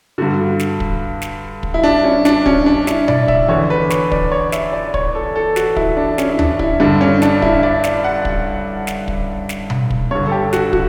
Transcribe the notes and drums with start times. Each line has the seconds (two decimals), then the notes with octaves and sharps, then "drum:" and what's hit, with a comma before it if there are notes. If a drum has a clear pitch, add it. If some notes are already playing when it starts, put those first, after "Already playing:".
0.18 G2 D3 F#4
0.59 drum: snare
0.80 drum: kick
1.22 drum: snare
1.63 drum: kick
1.74 E4
1.84 D4
2.04 C#4
2.25 D4, drum: snare
2.46 C#4, drum: kick
2.66 D4
2.87 E4, drum: snare
3.08 D5, drum: tom B2
3.28 E5, drum: kick
3.49 E2 D3 C#5
3.70 B4
3.90 C#5, drum: snare
4.12 D5, drum: kick
4.32 C#5
4.52 E5, drum: snare
4.73 D5
4.94 C#5, drum: kick
5.15 A4
5.36 A4
5.56 F#4, drum: snare
5.76 E4, drum: kick
5.97 D4
6.18 C#4, drum: snare
6.29 E4
6.39 D4, drum: tom D#2
6.59 E4, drum: kick
6.80 G2 D3 D4
7.01 C#4
7.22 D4, drum: snare
7.42 E4, drum: kick
7.63 D5
7.84 drum: snare
8.04 F#5
8.25 drum: kick
8.87 drum: snare
9.08 drum: kick
9.49 drum: snare
9.70 drum: tom B2
9.90 drum: kick
10.11 G2 D3 C#5
10.26 A4
10.32 G4
10.53 F#4, drum: snare
10.73 F#4, drum: kick